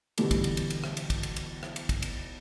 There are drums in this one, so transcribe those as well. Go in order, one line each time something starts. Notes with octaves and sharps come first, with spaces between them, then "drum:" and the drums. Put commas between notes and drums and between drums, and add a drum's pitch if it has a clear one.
B2 D3 E3 G3 A3, drum: cymbal
drum: kick, cymbal
drum: cymbal
drum: cymbal
drum: cymbal
drum: rim click
drum: cymbal
drum: kick, cymbal
drum: cymbal
drum: cymbal
drum: rim click
drum: cymbal
drum: kick, cymbal
drum: cymbal